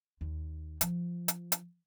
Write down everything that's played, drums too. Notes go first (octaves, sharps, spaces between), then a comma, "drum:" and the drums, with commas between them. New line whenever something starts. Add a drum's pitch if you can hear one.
D#2
F3, drum: hi-hat
drum: hi-hat
drum: hi-hat